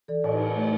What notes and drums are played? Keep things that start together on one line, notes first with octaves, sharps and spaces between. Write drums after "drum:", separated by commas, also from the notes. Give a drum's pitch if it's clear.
E3 A4 D5
A2, drum: cymbal
G4 B4
A2
A3